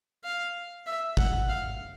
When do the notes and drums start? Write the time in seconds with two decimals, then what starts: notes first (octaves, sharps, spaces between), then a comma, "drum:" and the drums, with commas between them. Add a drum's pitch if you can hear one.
0.24 F5
0.86 E5
1.17 F#5, drum: kick
1.48 F5